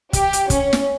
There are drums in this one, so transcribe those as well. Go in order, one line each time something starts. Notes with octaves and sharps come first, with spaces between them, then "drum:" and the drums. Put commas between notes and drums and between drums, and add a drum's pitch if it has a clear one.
G4, drum: kick, hi-hat
drum: hi-hat
C#4, drum: kick, hi-hat
drum: snare